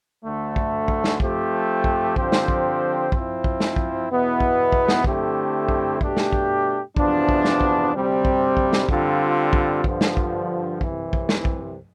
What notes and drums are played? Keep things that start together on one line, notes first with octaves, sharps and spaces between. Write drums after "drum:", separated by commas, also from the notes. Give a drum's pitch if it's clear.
D2 D3 A3
drum: kick
drum: kick
drum: snare
F3 A3 C4 G4, drum: kick
drum: kick
D3 F3 C4 G4 C5, drum: kick
drum: snare
drum: kick
F3 C4 E4, drum: kick
drum: kick
drum: snare
drum: kick
E2 B2 B3 E4
drum: kick
drum: kick
drum: snare
D3 A3 C4 E4 G4, drum: kick
drum: kick
B2 A3 D4 G4, drum: kick
drum: snare
drum: kick
E2 C3 F3 B3 D4, drum: kick
drum: kick
drum: snare
drum: kick
D2 C3 G3 C4
drum: kick
drum: kick
drum: snare
D3 G3 C4 F4, drum: kick
drum: kick
G2 D3 F3, drum: kick
drum: snare
drum: kick
C2 C3 E3, drum: kick
drum: kick
drum: snare
drum: kick